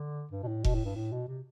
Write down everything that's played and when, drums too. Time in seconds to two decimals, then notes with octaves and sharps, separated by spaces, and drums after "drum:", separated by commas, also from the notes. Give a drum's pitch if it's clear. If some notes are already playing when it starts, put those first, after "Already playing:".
Already playing: D3
0.32 G2
0.43 B2
0.48 A2
0.64 B2, drum: kick F1
0.75 A2
0.85 G2
0.95 A2
1.12 B2
1.28 C3